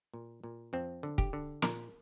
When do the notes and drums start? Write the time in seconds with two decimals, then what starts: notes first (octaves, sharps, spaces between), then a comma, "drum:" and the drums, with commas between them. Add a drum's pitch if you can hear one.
0.14 A#2
0.44 A#2
0.73 F2 C4
1.03 D3
1.18 G4, drum: kick
1.33 D3
1.62 A#2 A#4, drum: snare